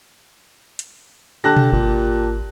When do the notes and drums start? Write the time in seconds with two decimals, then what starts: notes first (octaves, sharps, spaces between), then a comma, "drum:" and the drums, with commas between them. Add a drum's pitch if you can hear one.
0.79 drum: hi-hat
1.44 D3 G4 A5 F#6 A#6
1.57 drum: tom B2
1.72 G#1 A#2